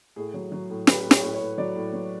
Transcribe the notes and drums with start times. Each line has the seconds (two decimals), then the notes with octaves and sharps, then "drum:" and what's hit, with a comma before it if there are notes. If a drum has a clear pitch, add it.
0.16 A2 G#4
0.34 F#3
0.52 F#3
0.70 A2
0.87 F#3 B4, drum: snare
1.05 A2
1.11 C#5, drum: snare
1.23 A2
1.34 C#5
1.41 A2
1.58 F#3 D5
1.76 A2
1.94 F#3